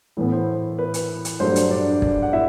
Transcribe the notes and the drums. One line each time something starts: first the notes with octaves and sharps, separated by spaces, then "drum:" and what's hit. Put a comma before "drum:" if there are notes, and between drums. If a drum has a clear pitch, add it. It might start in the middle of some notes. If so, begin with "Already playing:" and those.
A2 E3 B3
C5
B4
drum: hi-hat
drum: hi-hat
G2 F#3 A3 D4 C5
drum: hi-hat
D4 D5
drum: kick
F#5
E4 E5